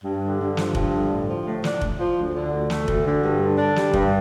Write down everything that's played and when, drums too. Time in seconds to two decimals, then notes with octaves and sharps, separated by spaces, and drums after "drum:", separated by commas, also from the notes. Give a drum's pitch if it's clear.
0.04 G2
0.22 D3
0.40 G2
0.57 F3, drum: snare
0.75 G2, drum: kick F1
0.93 D3
1.11 A2
1.28 F3
1.46 A2
1.64 D4, drum: snare
1.81 A2, drum: kick F1
1.98 F3
2.17 D2
2.35 D3
2.52 D2
2.70 A3, drum: snare
2.88 D2, drum: kick F1
3.05 D3
3.23 G2
3.41 D3
3.58 D4
3.76 G3, drum: snare
3.93 G2, drum: kick F1